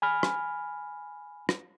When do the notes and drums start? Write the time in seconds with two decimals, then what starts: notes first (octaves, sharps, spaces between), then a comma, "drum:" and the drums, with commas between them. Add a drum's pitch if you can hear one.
0.02 G#5 B5 F6
0.23 drum: rim click
1.49 drum: rim click